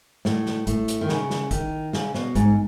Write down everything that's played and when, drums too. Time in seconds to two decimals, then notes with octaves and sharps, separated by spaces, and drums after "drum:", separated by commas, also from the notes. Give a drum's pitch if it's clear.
0.25 A2, drum: snare
0.46 drum: snare
0.67 A2, drum: kick, hi-hat
0.88 drum: hi-hat
1.01 D#3
1.09 C#3, drum: snare
1.30 drum: snare
1.51 D#3, drum: kick, hi-hat
1.93 C#3, drum: snare
2.14 B2, drum: snare
2.35 G#2, drum: kick, hi-hat